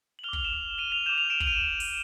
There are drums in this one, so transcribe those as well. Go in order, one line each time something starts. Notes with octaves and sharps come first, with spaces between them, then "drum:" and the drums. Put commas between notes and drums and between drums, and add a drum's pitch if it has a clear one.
F#7
D6 F6 F7 G7
drum: kick
E7 F#7
D#7 F7
D#7 F7
D6 G6 E7
F7
D7 E7
F#7, drum: kick
D#7 F7
drum: open hi-hat